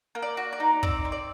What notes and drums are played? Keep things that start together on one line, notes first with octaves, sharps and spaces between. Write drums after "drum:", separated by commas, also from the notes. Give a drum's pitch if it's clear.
A#3
D5
F#4
D5
D#4
C4 D5, drum: kick
C4
D5